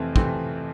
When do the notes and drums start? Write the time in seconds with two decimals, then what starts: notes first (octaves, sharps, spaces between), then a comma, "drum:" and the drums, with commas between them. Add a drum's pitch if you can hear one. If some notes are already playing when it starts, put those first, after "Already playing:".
Already playing: F2 C3 E3 A3 C4
0.16 C3 E3 A3 C4, drum: kick